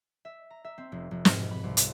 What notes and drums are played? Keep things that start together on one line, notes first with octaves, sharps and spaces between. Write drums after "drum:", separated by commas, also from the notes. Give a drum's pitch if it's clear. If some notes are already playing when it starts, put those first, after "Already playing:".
E5
A#5
E5
C4
F1
F1
G#2, drum: snare
B2
B5
C2
F1, drum: hi-hat